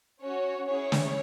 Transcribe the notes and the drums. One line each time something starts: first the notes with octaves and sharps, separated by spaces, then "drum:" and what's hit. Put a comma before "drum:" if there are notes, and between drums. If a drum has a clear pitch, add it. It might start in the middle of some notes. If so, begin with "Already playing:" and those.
C#4 F#4 C#5
C#4 E4 G#4 C#5
drum: snare